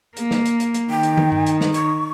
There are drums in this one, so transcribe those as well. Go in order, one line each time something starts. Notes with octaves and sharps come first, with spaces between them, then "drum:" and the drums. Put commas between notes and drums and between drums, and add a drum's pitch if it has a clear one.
A#3, drum: hi-hat
drum: snare
drum: hi-hat
drum: hi-hat
drum: hi-hat
D#3 G5
drum: hi-hat
drum: tom
drum: tom G2
drum: hi-hat
drum: snare
C#6, drum: hi-hat